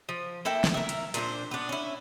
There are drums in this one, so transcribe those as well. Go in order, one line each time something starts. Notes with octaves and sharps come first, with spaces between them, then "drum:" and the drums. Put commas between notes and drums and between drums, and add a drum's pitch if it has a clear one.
F3
A#3 E4 A4 G5
drum: snare
A#4 E5
drum: hi-hat
A#2 D4 A4 C5, drum: hi-hat
B3 D4
C#4 E4